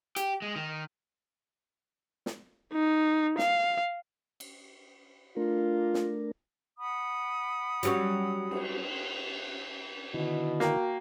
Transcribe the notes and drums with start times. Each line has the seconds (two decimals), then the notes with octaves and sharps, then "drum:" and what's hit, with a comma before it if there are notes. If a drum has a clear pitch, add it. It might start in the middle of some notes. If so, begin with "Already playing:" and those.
0.16 G4, drum: hi-hat
0.42 G#3
0.56 D#3
2.26 drum: snare
2.73 D#4
3.39 F5, drum: snare
4.40 drum: cymbal
5.36 A3 D4 F4 A#4
5.94 drum: snare
6.77 F#5 B5 D#6
7.83 F#3 G3 C#4, drum: hi-hat
8.51 drum: cymbal
10.14 B2 D3 D#3 E4
10.60 A#3 F#4 G5, drum: snare